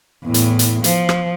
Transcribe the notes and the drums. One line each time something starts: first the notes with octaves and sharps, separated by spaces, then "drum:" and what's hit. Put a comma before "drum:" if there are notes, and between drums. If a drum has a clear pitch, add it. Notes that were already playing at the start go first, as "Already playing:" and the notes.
E2 A2
drum: hi-hat
drum: hi-hat
F3, drum: hi-hat
drum: rim click